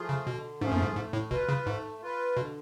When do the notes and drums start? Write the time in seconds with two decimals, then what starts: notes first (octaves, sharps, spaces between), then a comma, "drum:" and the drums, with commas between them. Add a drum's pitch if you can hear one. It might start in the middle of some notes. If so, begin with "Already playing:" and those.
Already playing: F3 A3 F4 G#4
0.09 C#3
0.26 B2 D3
0.61 G#2 F3 A3 F4 G#4, drum: tom
0.72 F#2
0.82 G#2
0.96 G#2 A3
1.13 A2
1.31 B2 F4 B4, drum: kick
1.49 C#3
1.66 G#2 A3
2.02 F4 B4
2.36 B2 D3